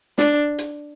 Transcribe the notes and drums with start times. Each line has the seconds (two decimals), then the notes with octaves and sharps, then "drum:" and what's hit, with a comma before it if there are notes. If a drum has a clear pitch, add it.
0.18 D4, drum: snare
0.58 drum: hi-hat